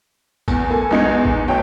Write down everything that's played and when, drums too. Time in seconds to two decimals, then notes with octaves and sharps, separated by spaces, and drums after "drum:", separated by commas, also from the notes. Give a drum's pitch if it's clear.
0.48 E2, drum: kick A1, tambourine
0.70 A#3 A4 G#5
0.91 E2 G#3 D#4 G#6 C#7
1.25 drum: kick A1
1.48 D2 B4 C#5 G5 A5